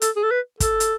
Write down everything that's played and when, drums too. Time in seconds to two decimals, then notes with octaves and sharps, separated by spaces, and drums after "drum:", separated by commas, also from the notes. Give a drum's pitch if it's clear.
0.02 A4, drum: hi-hat
0.16 G#4
0.23 A4
0.31 B4
0.60 A4, drum: kick, hi-hat
0.80 drum: hi-hat